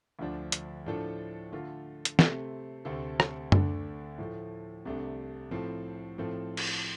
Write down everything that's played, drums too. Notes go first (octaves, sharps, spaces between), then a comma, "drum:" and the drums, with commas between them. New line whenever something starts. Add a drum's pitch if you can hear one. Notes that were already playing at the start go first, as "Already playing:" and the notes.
D2 D3 F3 D4
drum: hi-hat
A2 F3 A3 D4 A4
D3 A3 F4 A4
drum: hi-hat
C3 A3 C4, drum: snare
D2 C3 A3 C4 A4
drum: rim click
D2 D3 A3 D4, drum: tom F#2
A2 F3 A3
C2 C3 A3 D4
A2 F3 C4 A4
A2 F3 C4 A4
drum: cymbal